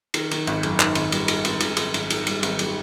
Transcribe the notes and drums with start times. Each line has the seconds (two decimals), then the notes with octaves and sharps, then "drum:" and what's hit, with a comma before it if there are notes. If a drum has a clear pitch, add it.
0.14 D#3, drum: cymbal
0.31 D#3, drum: cymbal
0.47 G#1, drum: cymbal
0.63 F#2, drum: cymbal
0.80 D#3, drum: clap
0.95 G#1, drum: cymbal
1.12 G3, drum: cymbal
1.28 D#3, drum: cymbal
1.45 G#1, drum: cymbal
1.60 G#1, drum: cymbal
1.77 G#1, drum: cymbal
1.94 G#1, drum: cymbal
2.10 D#3, drum: cymbal
2.27 G3, drum: cymbal
2.43 G#1, drum: cymbal
2.59 G3, drum: cymbal